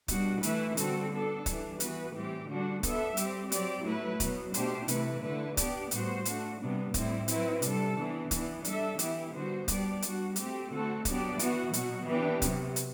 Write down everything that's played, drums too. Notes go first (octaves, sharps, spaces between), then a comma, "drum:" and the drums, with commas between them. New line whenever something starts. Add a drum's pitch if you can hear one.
B2 G3 D4 F#4, drum: kick, hi-hat
E3 A3 E4 B4 E5, drum: hi-hat
D3 G3 C4 F#4 A4, drum: hi-hat
B3 D4 A4
E3 G3 D4, drum: kick, hi-hat
E3 B3 F#4 B4, drum: hi-hat
A2 E3 G3 C4 G4
D3 G3 D4 F#4
B3 D4 A4 E5, drum: kick, hi-hat
G3 C4 G4, drum: hi-hat
F#3 C4 G4 D5, drum: hi-hat
A2 F#3 A3 E4 B4
B2 F#3 B3, drum: kick, hi-hat
B2 A3 D4 G4 C5, drum: hi-hat
C3 E3 A3 E4 B4, drum: hi-hat
D3 A3 E4 B4
B3 D4 G4 D5, drum: kick, hi-hat
A2 G3 B3 F#4 C5, drum: hi-hat
A3 D4 F#4, drum: hi-hat
C3 G3 B3 D4
A2 G3 C4 E4, drum: kick, hi-hat
F#3 C4 E4 B4, drum: hi-hat
C3 G3 D4 A4, drum: hi-hat
E3 B3 D4
E3 B3 D4, drum: kick, hi-hat
G3 D4 A4 E5, drum: hi-hat
E3 B3 E4 G4, drum: hi-hat
D3 G3 B3 F#4 C5
G3 B3 D4 G4 D5, drum: kick, hi-hat
G3 D4 F#4, drum: hi-hat
A3 C4 G4, drum: hi-hat
D3 A3 C4 F#4 A4
F#3 B3 D4 G4 D5, drum: kick, hi-hat
E3 B3 F#4, drum: hi-hat
B2 F#3 B3 F#4, drum: hi-hat
E3 B3 D4 G4 B4
C3 F#3 B3, drum: kick, hi-hat
drum: hi-hat